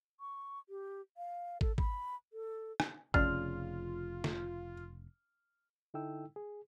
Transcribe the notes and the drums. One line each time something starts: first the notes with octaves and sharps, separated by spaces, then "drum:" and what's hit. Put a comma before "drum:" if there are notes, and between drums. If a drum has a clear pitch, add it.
C#6
G4
F5
A4, drum: kick
B5, drum: kick
A4
drum: rim click
F1 C#3 C#4 F4 D5 F6, drum: kick
drum: snare
D3 D#4 E4 A4 G5 E6
G#4